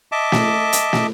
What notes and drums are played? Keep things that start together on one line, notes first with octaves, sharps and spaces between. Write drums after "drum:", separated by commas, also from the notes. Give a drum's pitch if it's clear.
D#5 E5 A5 D6
drum: snare
drum: hi-hat
drum: snare